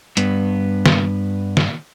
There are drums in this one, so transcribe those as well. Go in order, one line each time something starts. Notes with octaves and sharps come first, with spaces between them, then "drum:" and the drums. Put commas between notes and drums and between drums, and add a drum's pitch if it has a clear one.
G2 B3, drum: hi-hat
drum: snare
drum: snare